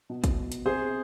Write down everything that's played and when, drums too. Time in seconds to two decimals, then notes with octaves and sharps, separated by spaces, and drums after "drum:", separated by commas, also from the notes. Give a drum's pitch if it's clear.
0.09 B2
0.24 drum: kick, hi-hat
0.52 drum: hi-hat
0.66 C3 G#4 C5